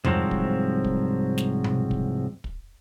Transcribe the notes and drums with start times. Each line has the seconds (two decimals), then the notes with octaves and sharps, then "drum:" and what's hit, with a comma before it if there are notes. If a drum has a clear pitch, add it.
0.05 C2 G#2 F3 F#3 C4, drum: tom F2
0.31 drum: kick
0.84 drum: kick
1.38 drum: snare
1.64 drum: tom B2
1.91 drum: kick
2.44 drum: kick